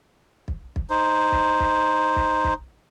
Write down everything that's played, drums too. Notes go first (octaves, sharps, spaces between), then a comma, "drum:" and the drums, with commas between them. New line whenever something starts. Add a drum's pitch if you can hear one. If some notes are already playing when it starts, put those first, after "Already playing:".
drum: kick
drum: kick
D#4 C5
drum: kick
drum: kick
drum: kick
drum: kick